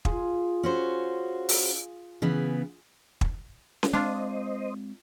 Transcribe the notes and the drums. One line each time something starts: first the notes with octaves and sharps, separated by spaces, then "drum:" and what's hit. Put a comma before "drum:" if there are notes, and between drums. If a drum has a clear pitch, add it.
F4 G#4, drum: kick
C#4 F#4 C5
drum: open hi-hat
C#3 E3 B3
drum: kick
drum: snare C#4
G#3 C4 D4 F4 C5 D#5